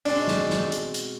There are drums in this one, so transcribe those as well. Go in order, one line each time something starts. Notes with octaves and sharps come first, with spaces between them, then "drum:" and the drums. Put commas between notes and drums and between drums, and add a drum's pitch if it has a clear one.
B2 G#3 C4 D4, drum: open hi-hat
drum: snare
drum: snare
drum: hi-hat
drum: hi-hat